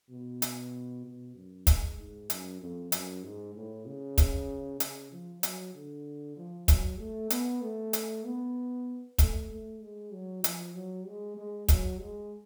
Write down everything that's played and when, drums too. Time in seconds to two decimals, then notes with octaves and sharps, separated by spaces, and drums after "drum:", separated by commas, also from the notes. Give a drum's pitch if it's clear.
0.10 B2
0.42 drum: hi-hat
1.05 B2
1.35 F#2
1.67 G#2, drum: kick, hi-hat
1.98 G#2
2.30 F#2, drum: hi-hat
2.61 F2
2.92 F#2, drum: hi-hat
3.23 G#2
3.55 A2
3.86 C#3
4.18 drum: kick, hi-hat
4.80 C#3, drum: hi-hat
5.12 F3
5.43 F#3, drum: hi-hat
5.74 D3
6.36 F3
6.68 F#3, drum: kick, hi-hat
6.99 A3
7.30 B3, drum: hi-hat
7.61 A3
7.93 drum: hi-hat
8.25 B3
9.18 A3, drum: kick, hi-hat
9.50 A3
9.81 G#3
10.13 F#3
10.44 F3, drum: hi-hat
10.74 F#3
11.07 G#3
11.37 G#3
11.68 F#3, drum: kick, hi-hat
12.00 G#3